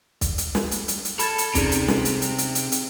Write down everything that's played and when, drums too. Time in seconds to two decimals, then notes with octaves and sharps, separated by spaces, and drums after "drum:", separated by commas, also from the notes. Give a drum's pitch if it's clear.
0.21 drum: kick, hi-hat
0.38 drum: hi-hat
0.55 drum: snare
0.71 drum: hi-hat
0.88 drum: hi-hat
1.05 drum: hi-hat
1.19 A4 B5 G#6 A6, drum: hi-hat
1.38 drum: hi-hat
1.55 C3 C#4 D#4 G#4, drum: kick, hi-hat
1.72 drum: hi-hat
1.88 drum: snare
2.05 drum: hi-hat
2.22 drum: hi-hat
2.38 drum: hi-hat
2.55 drum: hi-hat
2.72 drum: hi-hat